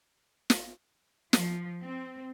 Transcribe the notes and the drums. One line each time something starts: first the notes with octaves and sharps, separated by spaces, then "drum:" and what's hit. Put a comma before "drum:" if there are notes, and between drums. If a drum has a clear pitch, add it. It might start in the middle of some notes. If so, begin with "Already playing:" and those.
drum: snare
F3, drum: snare
C4